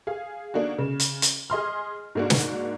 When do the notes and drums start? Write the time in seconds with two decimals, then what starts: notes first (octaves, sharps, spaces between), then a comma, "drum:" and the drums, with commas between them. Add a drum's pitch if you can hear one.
0.07 G#4 F5
0.54 A#3 D4 D#4 F#4
0.78 C#3
1.00 drum: hi-hat
1.22 drum: hi-hat
1.50 G#4 D#5 C6 F6
2.15 G#2 G#3 A#3 D4 F#4
2.30 drum: snare